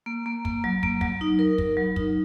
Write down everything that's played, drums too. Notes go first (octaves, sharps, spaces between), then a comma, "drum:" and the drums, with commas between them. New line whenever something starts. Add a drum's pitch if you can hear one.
A#3
A#3
A#3, drum: kick
F#3
A#3, drum: kick
F#3, drum: kick
D#4
A#4
A#4, drum: kick
F#3
D#4, drum: kick